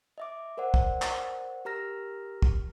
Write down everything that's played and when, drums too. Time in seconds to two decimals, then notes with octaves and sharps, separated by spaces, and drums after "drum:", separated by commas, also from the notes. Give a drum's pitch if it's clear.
0.18 D#5 E5 D6
0.57 A#4 C5 D5 F#5
0.74 drum: kick
1.02 drum: clap
1.65 G4 A#4 A#5 F6 A#6
2.42 drum: kick